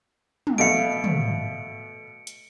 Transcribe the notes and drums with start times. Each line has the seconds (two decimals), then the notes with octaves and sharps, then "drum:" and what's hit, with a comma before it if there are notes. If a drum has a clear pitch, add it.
0.47 drum: tom
0.58 B2 A3 F5 C#7 D7
1.04 drum: tom
2.27 drum: hi-hat